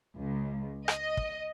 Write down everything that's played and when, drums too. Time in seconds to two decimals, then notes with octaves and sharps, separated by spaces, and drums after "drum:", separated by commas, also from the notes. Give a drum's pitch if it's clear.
0.16 C#2
0.88 D#5, drum: rim click
1.17 drum: kick